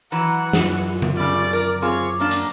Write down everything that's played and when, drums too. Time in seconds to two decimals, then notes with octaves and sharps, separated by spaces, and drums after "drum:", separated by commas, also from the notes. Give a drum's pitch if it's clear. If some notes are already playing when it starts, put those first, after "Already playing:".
0.12 E3 F#3 F#5 A#5
0.53 F#2 F4, drum: snare
1.02 drum: tom C#3
1.16 C#3 G3 D5
1.53 A#4
1.82 C4 F4 G#4 C#5 D6
2.20 F#3 A#3 D4 A#5
2.31 drum: hi-hat